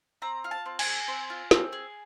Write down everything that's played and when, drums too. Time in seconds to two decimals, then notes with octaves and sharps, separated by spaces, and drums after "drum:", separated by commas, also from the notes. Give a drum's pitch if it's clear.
0.22 C4 A#5
0.44 F4
0.51 A5
0.66 C4
0.79 G#5, drum: cymbal
0.86 G#4
1.08 C4
1.30 F4
1.51 C4, drum: snare
1.73 G#4